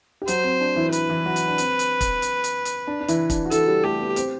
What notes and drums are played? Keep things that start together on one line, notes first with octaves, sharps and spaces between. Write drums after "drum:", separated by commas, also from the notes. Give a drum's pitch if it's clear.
G4
F#3 F#4 C5, drum: hi-hat
C4
D4
E3 E4
B4, drum: hi-hat
E3 E4
F#3 F#4
drum: hi-hat
D4
C4, drum: hi-hat
drum: hi-hat
drum: kick, hi-hat
drum: hi-hat
drum: hi-hat
drum: hi-hat
D4
D4
E3 E4, drum: hi-hat
D4, drum: kick, hi-hat
F#4
E3 E4 A4, drum: hi-hat
G3 G4
A3 G4 A4
B3 B4
C4 C5, drum: hi-hat